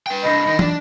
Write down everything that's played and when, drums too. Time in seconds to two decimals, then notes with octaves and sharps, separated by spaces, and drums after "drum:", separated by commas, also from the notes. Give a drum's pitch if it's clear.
0.07 B4 G5
0.23 C2 D4 D#5 B5
0.48 D#3 D#4
0.59 D4 D5, drum: tom